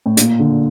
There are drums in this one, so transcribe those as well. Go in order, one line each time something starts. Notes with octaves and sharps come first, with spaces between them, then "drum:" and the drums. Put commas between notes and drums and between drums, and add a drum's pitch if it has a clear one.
A2
A#2, drum: hi-hat
D3